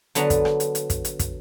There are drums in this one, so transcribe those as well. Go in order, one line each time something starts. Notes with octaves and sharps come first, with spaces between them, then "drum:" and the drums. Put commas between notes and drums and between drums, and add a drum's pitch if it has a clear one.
D3 F#3 B3 A5 A#5, drum: hi-hat
drum: kick, hi-hat
drum: rim click
drum: hi-hat
drum: hi-hat
drum: kick, hi-hat
drum: hi-hat
drum: kick, hi-hat